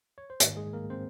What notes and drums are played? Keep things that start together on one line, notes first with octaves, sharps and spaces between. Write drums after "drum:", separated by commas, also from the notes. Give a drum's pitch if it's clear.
C#5
C5
G#2 D#3 A#3 A#4, drum: hi-hat
G#3 G#4
A#3 A#4
C4 C5